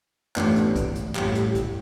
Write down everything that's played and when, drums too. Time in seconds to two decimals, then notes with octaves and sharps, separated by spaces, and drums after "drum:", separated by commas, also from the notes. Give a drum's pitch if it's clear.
0.36 A1 A2 E3 B3 D4, drum: clap
0.56 drum: hi-hat
0.76 drum: kick, hi-hat
0.95 drum: hi-hat
1.16 A1 A2 G3, drum: clap
1.35 drum: hi-hat
1.55 drum: kick, hi-hat